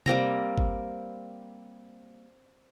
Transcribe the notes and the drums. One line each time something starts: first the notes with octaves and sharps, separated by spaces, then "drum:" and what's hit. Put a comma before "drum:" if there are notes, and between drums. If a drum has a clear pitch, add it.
G3 A#3 C4 A#5, drum: tom C3
drum: kick G#1